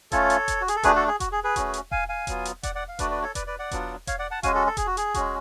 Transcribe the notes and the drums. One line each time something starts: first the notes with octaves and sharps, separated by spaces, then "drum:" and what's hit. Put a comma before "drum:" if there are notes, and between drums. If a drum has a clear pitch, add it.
A3 C#4 F4 A4 C#5, drum: kick E1, hi-hat
drum: hi-hat
drum: kick E1, hi-hat
F#4
G#4, drum: hi-hat
A4
A3 D4 F#4 G#4 B4, drum: kick E1, hi-hat
F#4 A4
G#4
F#4, drum: kick E1, hi-hat
G#4
G#4 B4
A3 C#4 F#4, drum: kick E1, hi-hat
drum: hi-hat
F5 G#5, drum: kick E1
F5 G#5
F#3 B3 F4, drum: kick E1, hi-hat
drum: hi-hat
D5 F#5, drum: kick E1, hi-hat
D5 F#5
F5
A3 D4 F#4 B4 D5, drum: kick E1, hi-hat
B4 D5
A4 C#5
B4 D5, drum: kick E1, hi-hat
B4 D5
D5 F#5
F#3 B3 D4 F4, drum: kick E1, hi-hat
C#5 F5, drum: kick E1, hi-hat
D5 F#5
F#5 A5
G#3 C#4 F#4 F5 G#5, drum: kick E1, hi-hat
F#4 A4
A4
G#4, drum: kick E1, hi-hat
F#4
G#4, drum: hi-hat
G#3 C#4 F#4, drum: kick E1, hi-hat